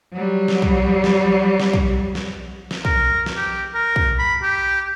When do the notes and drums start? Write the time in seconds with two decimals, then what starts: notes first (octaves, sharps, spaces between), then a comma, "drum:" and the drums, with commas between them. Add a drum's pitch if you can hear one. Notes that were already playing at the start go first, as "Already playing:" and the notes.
0.13 F#3 G3
0.48 drum: snare
0.62 drum: kick
1.04 drum: snare
1.60 drum: snare
1.73 drum: kick
2.15 drum: snare
2.71 drum: snare
2.85 A#4, drum: kick
3.26 drum: snare
3.37 G4
3.75 A#4
3.96 drum: kick
4.19 B5
4.43 G4